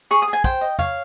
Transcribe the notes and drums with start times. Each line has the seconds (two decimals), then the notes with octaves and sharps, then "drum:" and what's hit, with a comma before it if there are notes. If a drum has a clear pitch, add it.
0.11 G#4 C#6
0.22 D#6
0.28 G#4
0.33 G#5
0.44 C5 G5, drum: kick
0.61 D#5
0.79 C#5 F5, drum: tom E2